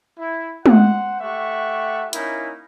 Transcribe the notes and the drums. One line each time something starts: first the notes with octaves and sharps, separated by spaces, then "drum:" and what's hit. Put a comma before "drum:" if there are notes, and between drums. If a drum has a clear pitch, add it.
E4
C5 F#5, drum: tom G#3
A3 G4 E5 F#5 C#6
A#3 C#4 D#4 E4, drum: hi-hat